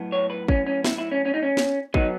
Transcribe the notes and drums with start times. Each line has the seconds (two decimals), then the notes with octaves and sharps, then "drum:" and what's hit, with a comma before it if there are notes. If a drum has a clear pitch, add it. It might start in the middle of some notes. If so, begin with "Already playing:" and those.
Already playing: A2 F#3 B3
0.12 C#5
0.30 B4
0.48 C#4, drum: kick
0.67 C#4
0.84 E4, drum: snare
0.98 E4
1.11 C#4
1.26 C#4
1.34 D#4
1.43 C#4
1.57 drum: snare
1.94 F#3 B3 D#4, drum: kick